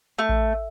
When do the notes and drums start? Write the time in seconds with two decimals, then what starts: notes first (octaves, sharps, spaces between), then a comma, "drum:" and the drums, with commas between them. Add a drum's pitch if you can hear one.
0.18 A3
0.29 drum: kick A1